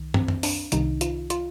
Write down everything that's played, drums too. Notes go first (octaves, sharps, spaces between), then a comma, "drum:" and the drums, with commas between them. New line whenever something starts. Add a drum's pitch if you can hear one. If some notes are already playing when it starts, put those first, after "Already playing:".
Already playing: C2 D#3
C4, drum: tom
drum: tom F#2
D4, drum: open hi-hat
C2 C3 D#3 D#4, drum: hi-hat
F4, drum: hi-hat
F4, drum: hi-hat